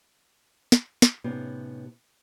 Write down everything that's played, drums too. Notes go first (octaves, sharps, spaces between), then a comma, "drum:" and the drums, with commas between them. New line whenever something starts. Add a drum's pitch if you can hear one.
drum: snare
drum: snare
A2 C3 B3 C#4 D#4 G4